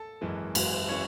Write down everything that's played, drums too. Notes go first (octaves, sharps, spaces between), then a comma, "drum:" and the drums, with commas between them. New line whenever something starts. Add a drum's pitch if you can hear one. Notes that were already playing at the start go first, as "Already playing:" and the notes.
Already playing: A4 A5
G#1 F#2 E3 G#3
G#1 F#2 E3 G#3, drum: cymbal
E3 G#3 C#4 C#5